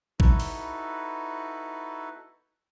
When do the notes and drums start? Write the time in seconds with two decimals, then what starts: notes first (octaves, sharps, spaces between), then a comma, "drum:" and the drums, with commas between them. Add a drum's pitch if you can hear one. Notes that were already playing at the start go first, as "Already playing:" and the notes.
0.20 D#4 E4 F#4 A4 B4, drum: kick A1
0.40 drum: open hi-hat